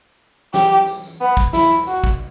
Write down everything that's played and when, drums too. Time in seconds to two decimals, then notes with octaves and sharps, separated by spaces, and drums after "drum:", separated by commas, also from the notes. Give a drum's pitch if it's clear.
0.54 G4, drum: snare
0.87 drum: tambourine
1.04 drum: tambourine
1.20 B3
1.37 drum: kick, tambourine
1.53 E4, drum: snare
1.70 drum: tambourine
1.87 F#4, drum: tambourine
2.04 drum: kick